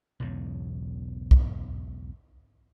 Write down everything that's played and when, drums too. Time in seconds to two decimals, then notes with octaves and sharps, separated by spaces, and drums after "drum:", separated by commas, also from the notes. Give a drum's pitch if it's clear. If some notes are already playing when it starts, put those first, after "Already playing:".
0.20 B1 E2 G#2 C#3
1.31 drum: kick